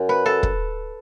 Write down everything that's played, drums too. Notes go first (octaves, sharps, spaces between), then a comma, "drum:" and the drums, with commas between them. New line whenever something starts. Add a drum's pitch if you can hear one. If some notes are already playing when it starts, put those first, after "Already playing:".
Already playing: F#2
B4
A4
drum: kick